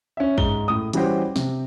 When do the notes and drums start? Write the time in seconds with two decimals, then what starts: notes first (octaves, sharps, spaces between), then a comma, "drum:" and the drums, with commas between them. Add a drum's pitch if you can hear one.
0.17 C#4 E5
0.38 G#2 G7, drum: kick
0.68 A2 D#6
0.93 E3 G3 C#4 F#4 G4 C5, drum: hi-hat
1.36 C3, drum: snare